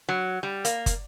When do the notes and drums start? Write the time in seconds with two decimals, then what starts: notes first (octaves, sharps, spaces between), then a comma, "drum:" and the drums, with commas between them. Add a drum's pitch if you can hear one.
0.09 F#3
0.43 G3
0.65 A#3, drum: hi-hat
0.86 drum: kick, hi-hat